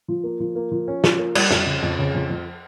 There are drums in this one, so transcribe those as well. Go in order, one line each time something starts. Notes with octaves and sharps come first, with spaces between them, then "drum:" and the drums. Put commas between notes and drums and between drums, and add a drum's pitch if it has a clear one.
F3
A#3
F3
A#3
F3
C#4
F3, drum: snare
A#3
G3, drum: cymbal
F2, drum: snare
C#3
F2
C#3
F2
F2